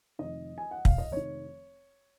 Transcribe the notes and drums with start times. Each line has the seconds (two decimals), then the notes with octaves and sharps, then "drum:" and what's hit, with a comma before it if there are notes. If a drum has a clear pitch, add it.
0.19 F1 F2 D#3 D#5
0.58 G#5
0.71 F#5
0.85 F5, drum: kick
0.98 D#5
1.12 F1 F2 D#3 C#5